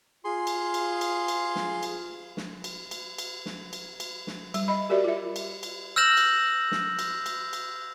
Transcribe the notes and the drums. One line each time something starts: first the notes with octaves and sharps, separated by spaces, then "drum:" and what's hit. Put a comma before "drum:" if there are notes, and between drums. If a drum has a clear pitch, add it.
F4 G#4 C6
drum: cymbal
drum: cymbal
drum: cymbal
drum: cymbal
drum: snare
drum: cymbal
drum: snare
drum: cymbal
drum: cymbal
drum: cymbal
drum: snare
drum: cymbal
drum: cymbal
drum: snare
G3, drum: cymbal
D#5 B5
F#4 G4 A#4 D5 E5
F4 E5
drum: cymbal
drum: cymbal
E6 F6 G6 A#6 E7 F#7
drum: cymbal
drum: snare
drum: cymbal
drum: cymbal
drum: cymbal